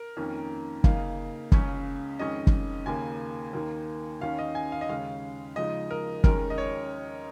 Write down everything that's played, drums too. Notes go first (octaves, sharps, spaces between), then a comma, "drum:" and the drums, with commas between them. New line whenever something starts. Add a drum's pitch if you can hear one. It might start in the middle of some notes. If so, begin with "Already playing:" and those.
Already playing: A#4
F2 D#3 A#3 C#4
C#3 A#3 D#4 F5, drum: kick
C#2 C#3 G#3 C#4, drum: kick
F2 D#3 G#3 C#4 D#5
drum: kick
D#2 C#3 A#3 G#5
D#2 D#3 A#3
D#2 D#3 C#4 F5
D#5
G#5
F5
D#5
D#2 C#3 G#3 C#4 F5
C#3 F3 G#3 D#4 D#5
A#4
D#2 D#3 G#3 C#4 A#4, drum: kick
D#5
C#5